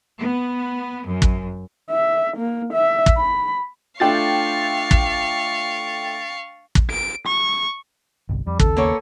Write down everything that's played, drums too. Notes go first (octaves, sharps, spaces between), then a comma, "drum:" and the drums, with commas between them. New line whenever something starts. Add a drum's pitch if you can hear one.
B3
F#2
drum: kick
E5
A#3
E5
drum: kick
B5
A3 D4 F4 F5 G5 C#6 A6
drum: kick
drum: kick
D7
C#6
G1 C2
F2 G3
D#2 C#3 A4, drum: kick
A#3 B3 C#5